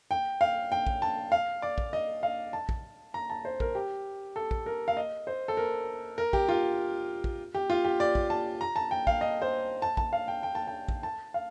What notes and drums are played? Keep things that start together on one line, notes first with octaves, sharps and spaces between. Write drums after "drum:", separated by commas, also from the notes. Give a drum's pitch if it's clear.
G5
F5
G5
drum: kick
A5
F5
D5
drum: kick
D#5
F5
A5
drum: kick
A#5
A5
C5
A#4, drum: kick
G4
A4
drum: kick
A#4
F5
D#5
C5
A4
A#4
A#4
G4, drum: kick
F4
drum: kick
G4
F4
G4
D5
drum: kick
A5
A#5
A5
G5
F5, drum: kick
D#5
C5
A5
A5, drum: kick
F5
G5
G5
A5
G5
drum: kick
A5
F5